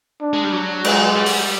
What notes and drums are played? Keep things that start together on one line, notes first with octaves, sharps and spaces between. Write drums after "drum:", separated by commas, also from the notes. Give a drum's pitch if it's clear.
D4
G#3
G3
F#3
G#3, drum: cymbal
G3
drum: open hi-hat